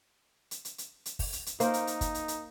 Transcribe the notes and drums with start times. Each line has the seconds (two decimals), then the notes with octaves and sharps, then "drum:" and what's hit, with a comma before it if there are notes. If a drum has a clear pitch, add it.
0.51 drum: hi-hat
0.65 drum: hi-hat
0.78 drum: hi-hat
1.06 drum: hi-hat
1.19 drum: kick, open hi-hat
1.33 drum: hi-hat
1.46 drum: hi-hat
1.60 A#3 D#4 A#4 C5, drum: hi-hat
1.74 drum: hi-hat
1.87 drum: hi-hat
2.01 drum: kick, hi-hat
2.14 drum: hi-hat
2.28 drum: hi-hat